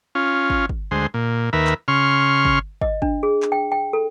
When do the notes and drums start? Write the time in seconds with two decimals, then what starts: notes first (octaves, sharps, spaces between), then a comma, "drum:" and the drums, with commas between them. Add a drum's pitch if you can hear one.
0.15 C#4 F4
0.50 drum: kick
0.69 drum: kick
0.91 D2 G#3 C5
1.14 A#2
1.53 D#2 A#4 B4 E5
1.67 drum: clap
1.88 C#3 C6 C#6 F6
2.45 drum: kick
2.81 D#5, drum: kick
3.02 D4, drum: kick
3.23 G#4
3.42 drum: clap
3.52 G5
3.72 G5
3.93 A4